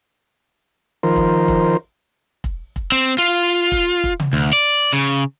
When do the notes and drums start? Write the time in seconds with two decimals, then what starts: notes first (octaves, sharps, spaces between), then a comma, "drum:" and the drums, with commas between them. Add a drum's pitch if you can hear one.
1.03 D#3 F3 A#4 C5
1.16 drum: kick
1.48 drum: kick
2.44 drum: kick
2.76 drum: kick
2.92 C4
3.18 F4
3.72 drum: kick
4.04 drum: kick
4.20 drum: tom
4.33 D2
4.53 D5
4.93 C#3